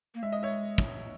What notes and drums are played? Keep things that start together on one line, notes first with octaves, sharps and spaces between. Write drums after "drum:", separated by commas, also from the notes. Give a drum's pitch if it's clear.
A#3
G#3 E5
D#5
C#5 E5
drum: kick